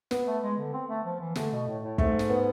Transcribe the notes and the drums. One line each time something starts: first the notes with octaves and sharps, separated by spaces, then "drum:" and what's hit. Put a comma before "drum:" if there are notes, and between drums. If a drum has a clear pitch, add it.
B3, drum: snare
A3
G#3
D3
C4
A3
F3
E3
D3 A3, drum: snare
B2
A2
A2
G#2 A3, drum: kick
drum: snare
B3